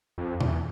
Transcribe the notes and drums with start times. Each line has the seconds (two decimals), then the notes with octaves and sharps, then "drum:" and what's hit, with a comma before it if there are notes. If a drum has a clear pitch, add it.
0.18 F2
0.41 E2, drum: tom